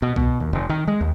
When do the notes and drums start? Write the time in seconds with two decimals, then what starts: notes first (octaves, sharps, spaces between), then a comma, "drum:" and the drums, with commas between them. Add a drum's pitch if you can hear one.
0.02 B2
0.16 B2, drum: kick B1
0.40 D#2
0.53 F1
0.69 D#3
0.88 G#3
1.01 D#2